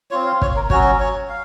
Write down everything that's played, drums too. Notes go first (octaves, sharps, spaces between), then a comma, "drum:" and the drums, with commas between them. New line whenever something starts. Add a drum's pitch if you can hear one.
C4 F4 C#5
F5
C#5, drum: kick
A#4
F#3 C#4 F#4 C#5, drum: kick
C#5
F5